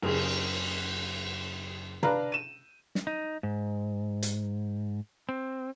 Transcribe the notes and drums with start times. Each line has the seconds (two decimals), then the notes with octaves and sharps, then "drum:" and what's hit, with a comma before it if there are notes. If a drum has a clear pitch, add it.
0.02 F#1 G#4, drum: cymbal
2.03 D4 B4 F5 A#5, drum: tom
2.32 D#7 E7
2.95 drum: snare
3.07 D#4
3.43 G#2
4.22 drum: hi-hat
5.29 C4